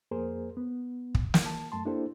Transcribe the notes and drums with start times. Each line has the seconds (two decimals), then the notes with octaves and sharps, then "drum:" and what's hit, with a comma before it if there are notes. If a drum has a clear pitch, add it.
0.11 F2 A#3 G#4 A#4 C5
0.57 B3
1.15 drum: kick
1.34 drum: snare
1.46 A5
1.72 F#2 A3 A5 C6
1.85 A#3 D4 E4 G4 A4 C5